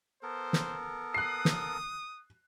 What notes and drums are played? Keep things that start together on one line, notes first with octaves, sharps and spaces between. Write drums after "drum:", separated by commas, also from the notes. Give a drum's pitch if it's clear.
B3 A4 A#4 C5
drum: snare
D#6 F#6 C7
drum: snare